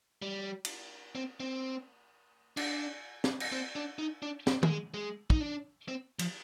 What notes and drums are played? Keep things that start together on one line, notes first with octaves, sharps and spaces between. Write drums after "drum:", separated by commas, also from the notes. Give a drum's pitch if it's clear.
G3
drum: cymbal
C4
C4
D4, drum: cymbal
drum: snare
drum: cymbal
C4
D4
D#4
D4
C4, drum: snare
A#3, drum: tom
G#3
G#3
D#4, drum: kick
D4
C4
F3, drum: cymbal